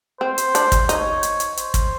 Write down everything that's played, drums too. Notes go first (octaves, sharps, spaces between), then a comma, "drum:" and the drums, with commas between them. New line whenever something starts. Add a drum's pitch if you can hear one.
C4 C5
drum: hi-hat
D4, drum: hi-hat
drum: kick, hi-hat
D#4 C#5, drum: hi-hat
drum: hi-hat
drum: hi-hat
C5, drum: hi-hat
drum: kick, hi-hat